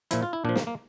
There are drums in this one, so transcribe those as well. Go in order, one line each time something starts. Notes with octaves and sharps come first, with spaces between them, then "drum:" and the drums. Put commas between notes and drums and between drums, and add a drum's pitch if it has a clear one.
A#2 F3 E4, drum: hi-hat
F4
E4
A#2 F3 D4
A#3, drum: snare
A#3